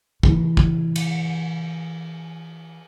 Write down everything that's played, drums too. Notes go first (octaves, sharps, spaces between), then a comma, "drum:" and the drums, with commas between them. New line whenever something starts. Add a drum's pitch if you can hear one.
E3 E4, drum: kick
drum: kick
drum: cymbal